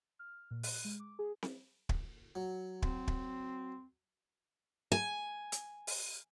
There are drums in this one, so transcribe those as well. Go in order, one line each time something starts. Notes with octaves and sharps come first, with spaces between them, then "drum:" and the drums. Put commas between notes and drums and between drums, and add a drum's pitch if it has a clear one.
F6
A#2
F#6, drum: open hi-hat
G#3
D6
G#4
drum: snare C4
drum: kick
F#3
C4, drum: kick
drum: kick
G#5
drum: hi-hat
drum: open hi-hat